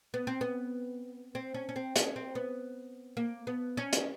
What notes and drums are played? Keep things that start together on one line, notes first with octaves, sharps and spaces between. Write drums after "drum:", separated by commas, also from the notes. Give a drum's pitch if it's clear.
B3
C4
B3
C4
C#4
C#4
C4
C#4, drum: hi-hat
C4
B3
A#3
B3
C#4
drum: hi-hat